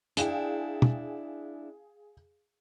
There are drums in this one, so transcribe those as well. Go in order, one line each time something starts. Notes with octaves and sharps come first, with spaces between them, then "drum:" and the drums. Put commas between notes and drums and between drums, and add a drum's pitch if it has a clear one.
D4 E4 G#4 F5 G5, drum: hi-hat
drum: tom